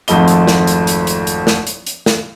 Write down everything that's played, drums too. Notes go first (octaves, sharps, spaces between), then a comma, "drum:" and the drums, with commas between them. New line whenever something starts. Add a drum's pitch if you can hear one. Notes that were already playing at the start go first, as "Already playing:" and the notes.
G#1 F2 F3 A3 D#5 G7, drum: hi-hat
drum: hi-hat
drum: snare
drum: hi-hat
drum: hi-hat
drum: hi-hat
drum: hi-hat
drum: snare
drum: hi-hat
drum: hi-hat
drum: snare